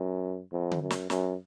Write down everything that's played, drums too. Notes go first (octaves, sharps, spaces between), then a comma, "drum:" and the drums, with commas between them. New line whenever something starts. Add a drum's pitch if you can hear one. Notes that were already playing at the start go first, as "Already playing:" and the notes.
Already playing: F#2
F2
drum: tom D3
F#2
drum: snare
F#2, drum: snare